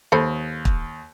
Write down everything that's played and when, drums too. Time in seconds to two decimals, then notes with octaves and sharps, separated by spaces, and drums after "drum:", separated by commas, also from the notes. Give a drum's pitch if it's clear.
0.12 D#2 A4 C5 B5
0.65 drum: kick